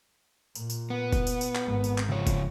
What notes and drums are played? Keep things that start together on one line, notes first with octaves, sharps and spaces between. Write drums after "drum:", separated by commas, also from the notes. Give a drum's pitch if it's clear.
A#2, drum: tambourine
drum: tambourine
B3
drum: kick, tambourine
drum: tambourine
drum: tambourine
drum: clap
G#1
drum: tambourine
drum: clap
C#3 F3 C#5
drum: kick, tambourine